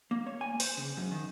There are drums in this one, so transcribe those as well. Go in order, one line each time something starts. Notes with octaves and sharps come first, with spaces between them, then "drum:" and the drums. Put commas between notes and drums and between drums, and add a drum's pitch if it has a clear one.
A#3
C#5
G#5
C5, drum: open hi-hat
C#3
F#2
D#3